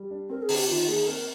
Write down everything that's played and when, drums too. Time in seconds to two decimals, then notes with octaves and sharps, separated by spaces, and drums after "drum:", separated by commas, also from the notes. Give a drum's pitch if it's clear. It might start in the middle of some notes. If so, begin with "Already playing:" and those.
Already playing: G3
0.10 D4
0.29 C4 A#4
0.42 G#4
0.49 D3, drum: open hi-hat
0.56 G4
0.68 D#3 F4
0.88 A#3 G#4
1.07 C4 A#4